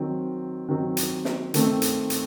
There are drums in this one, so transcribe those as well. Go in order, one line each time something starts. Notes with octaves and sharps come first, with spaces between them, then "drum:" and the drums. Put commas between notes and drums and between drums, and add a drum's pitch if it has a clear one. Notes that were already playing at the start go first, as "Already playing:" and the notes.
Already playing: D#3 F#3 C4
D#3 F#3 C4
drum: hi-hat
drum: snare
D#3 A3 C4, drum: hi-hat
drum: hi-hat
drum: hi-hat